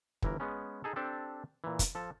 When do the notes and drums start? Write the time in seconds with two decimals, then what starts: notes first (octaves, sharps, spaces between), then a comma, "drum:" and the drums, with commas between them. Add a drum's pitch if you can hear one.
0.22 G1 E3 A#4, drum: kick
0.40 G#3 B3 C#4
0.84 D#4 G#4 A4
0.96 C4 D4 G4 A4
1.64 A#2 E3
1.79 drum: kick, hi-hat
1.95 F3 A4